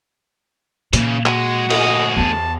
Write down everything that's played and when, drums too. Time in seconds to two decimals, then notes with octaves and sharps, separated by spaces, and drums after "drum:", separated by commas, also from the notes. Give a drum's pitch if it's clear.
0.93 A#2 C#3 E3, drum: hi-hat
1.26 B1 G#3 F#4, drum: clap
1.70 D2 G#4 D#5, drum: cymbal
2.17 E2 B3 A5